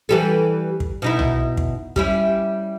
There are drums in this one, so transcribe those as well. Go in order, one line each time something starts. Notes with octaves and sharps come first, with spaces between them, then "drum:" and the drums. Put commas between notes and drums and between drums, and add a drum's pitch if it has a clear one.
E3 G3 A4
drum: kick
B2 D#4 E4
drum: tom
drum: kick
G3 C#4 E4, drum: kick